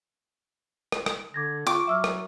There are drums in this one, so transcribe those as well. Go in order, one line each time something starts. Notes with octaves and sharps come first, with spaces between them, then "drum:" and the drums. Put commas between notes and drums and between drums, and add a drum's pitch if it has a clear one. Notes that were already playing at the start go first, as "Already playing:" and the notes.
drum: rim click
drum: rim click
D3 D6 G#6 A#6
F4 G5 C#6 D6
F#3 E5 E6 F6
drum: rim click